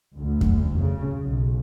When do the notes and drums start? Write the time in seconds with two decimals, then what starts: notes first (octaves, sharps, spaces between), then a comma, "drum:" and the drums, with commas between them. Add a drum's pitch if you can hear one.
0.17 D2
0.41 drum: kick F2
0.79 C#3
1.23 B1